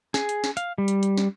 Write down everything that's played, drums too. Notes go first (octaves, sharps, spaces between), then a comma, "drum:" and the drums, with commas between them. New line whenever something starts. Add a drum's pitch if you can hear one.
G#4, drum: snare
drum: hi-hat
drum: snare
F5, drum: hi-hat
G3
drum: hi-hat
drum: hi-hat
drum: snare